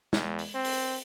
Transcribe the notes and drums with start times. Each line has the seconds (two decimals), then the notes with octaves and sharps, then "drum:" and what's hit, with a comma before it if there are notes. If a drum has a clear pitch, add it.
0.13 E2, drum: snare
0.39 drum: open hi-hat
0.54 C4
0.65 drum: open hi-hat